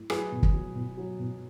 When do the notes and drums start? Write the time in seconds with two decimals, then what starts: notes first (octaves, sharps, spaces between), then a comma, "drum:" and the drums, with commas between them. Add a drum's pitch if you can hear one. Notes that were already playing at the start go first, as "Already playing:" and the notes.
Already playing: A2
0.10 F#3 G#4 B4, drum: rim click
0.32 B2
0.43 drum: kick
0.53 F#3
0.75 B2
0.97 F#3
1.19 B2